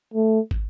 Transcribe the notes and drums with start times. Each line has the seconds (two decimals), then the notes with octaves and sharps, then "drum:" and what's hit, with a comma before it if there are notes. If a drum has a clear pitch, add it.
0.14 A3
0.51 drum: kick